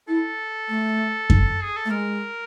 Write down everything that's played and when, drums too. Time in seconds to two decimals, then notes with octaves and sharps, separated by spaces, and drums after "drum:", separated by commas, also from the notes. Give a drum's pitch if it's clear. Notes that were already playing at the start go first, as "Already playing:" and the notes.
0.08 E4 A4
0.69 A3
1.30 drum: kick F#2
1.63 G#4
1.77 A4
1.85 A3
1.90 G#3 A#4